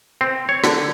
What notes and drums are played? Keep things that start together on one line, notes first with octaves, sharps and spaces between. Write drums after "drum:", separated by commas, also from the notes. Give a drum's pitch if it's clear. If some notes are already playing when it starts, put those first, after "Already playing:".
C4
C#5
D3, drum: snare